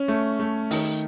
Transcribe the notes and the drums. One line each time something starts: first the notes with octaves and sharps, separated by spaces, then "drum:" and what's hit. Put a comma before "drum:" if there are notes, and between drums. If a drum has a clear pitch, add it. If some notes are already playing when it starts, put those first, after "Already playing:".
Already playing: C#4
A3
A3
D#3, drum: open hi-hat